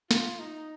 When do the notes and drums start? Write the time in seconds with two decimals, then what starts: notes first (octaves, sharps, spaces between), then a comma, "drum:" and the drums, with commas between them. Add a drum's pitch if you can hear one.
0.11 F4, drum: snare
0.40 D#4